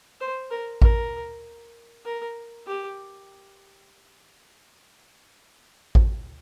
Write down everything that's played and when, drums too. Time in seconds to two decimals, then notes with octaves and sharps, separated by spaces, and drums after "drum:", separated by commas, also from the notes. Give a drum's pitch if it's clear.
0.21 C5
0.51 A#4
0.82 A#4, drum: kick A1
2.05 A#4
2.67 G4
5.95 drum: kick A1